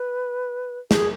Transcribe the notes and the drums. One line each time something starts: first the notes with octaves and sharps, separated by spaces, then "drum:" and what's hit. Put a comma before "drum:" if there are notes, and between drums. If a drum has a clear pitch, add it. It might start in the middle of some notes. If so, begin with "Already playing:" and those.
Already playing: B4
G#4, drum: snare